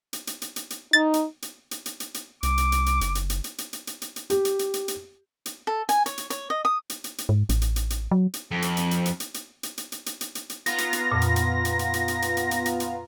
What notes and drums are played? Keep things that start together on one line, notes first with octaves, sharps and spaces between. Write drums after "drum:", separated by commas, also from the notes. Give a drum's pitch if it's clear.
drum: hi-hat
drum: hi-hat
drum: hi-hat
drum: hi-hat
drum: hi-hat
D#4 A6
drum: hi-hat
drum: hi-hat
drum: hi-hat
drum: hi-hat
drum: hi-hat
drum: hi-hat
C2 D6, drum: hi-hat
drum: hi-hat
drum: hi-hat
drum: hi-hat
F#1, drum: hi-hat
drum: hi-hat
drum: hi-hat
drum: hi-hat
drum: hi-hat
drum: hi-hat
drum: hi-hat
drum: hi-hat
drum: hi-hat
G4, drum: hi-hat
drum: hi-hat
drum: hi-hat
drum: hi-hat
drum: hi-hat
drum: hi-hat
A4
G#5, drum: hi-hat
C#5, drum: hi-hat
drum: hi-hat
C#5, drum: hi-hat
D#5
D#6
drum: hi-hat
drum: hi-hat
drum: hi-hat
G#2
A1, drum: hi-hat
drum: hi-hat
drum: hi-hat
drum: hi-hat
F#3
drum: hi-hat
F2
drum: hi-hat
drum: hi-hat
drum: hi-hat
drum: hi-hat
drum: hi-hat
drum: hi-hat
drum: hi-hat
drum: hi-hat
drum: hi-hat
drum: hi-hat
drum: hi-hat
drum: hi-hat
drum: hi-hat
B3 F4 A#5 A#6, drum: hi-hat
drum: hi-hat
drum: hi-hat
F2 A#2
drum: hi-hat
drum: hi-hat
drum: hi-hat
drum: hi-hat
drum: hi-hat
drum: hi-hat
drum: hi-hat
drum: hi-hat
drum: hi-hat
drum: hi-hat
drum: hi-hat